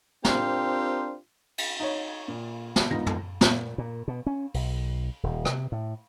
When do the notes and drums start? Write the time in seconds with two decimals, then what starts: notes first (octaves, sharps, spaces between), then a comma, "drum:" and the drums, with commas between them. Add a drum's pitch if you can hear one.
0.25 C4 D4 F4 G4 A#4 C5, drum: snare
1.58 drum: cymbal
1.80 D#4 C#5
2.28 A#2
2.76 drum: snare
2.90 E1 G#2 B3 D#4 F4 A#6
3.06 drum: tom
3.41 A#2, drum: snare
3.78 A#2
4.08 B2
4.26 C#4
4.54 B1, drum: open hi-hat
5.23 D#1
5.45 C3, drum: rim click
5.72 A2